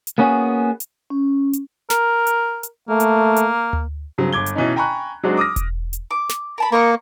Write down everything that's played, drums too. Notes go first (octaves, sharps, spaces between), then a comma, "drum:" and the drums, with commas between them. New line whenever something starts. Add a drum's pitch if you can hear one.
drum: hi-hat
A#3 B3 C#4 D4 F#4 G#4
drum: hi-hat
C#4
drum: hi-hat
A#4, drum: snare
drum: hi-hat
drum: hi-hat
A3 A#3
drum: hi-hat
drum: hi-hat
drum: tom D2
G2 C#3 F#3 C4
G1 D6 G#6 G7
drum: hi-hat
B2 E3 C#4 D#4
G5 G#5 A#5 B5 C#6 F#6
F#3 G#3 C4 D4 D#4 F#4
D6 D#6 F6 A#6
drum: kick E1, hi-hat
drum: hi-hat
D6
drum: snare
A#4 A5 B5
A#3 A#4 D#5 C#6